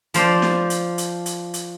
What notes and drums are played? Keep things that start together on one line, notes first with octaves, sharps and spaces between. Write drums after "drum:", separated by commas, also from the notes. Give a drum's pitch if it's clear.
F3 C5 D5, drum: hi-hat
drum: snare
drum: hi-hat
drum: hi-hat
drum: hi-hat
drum: hi-hat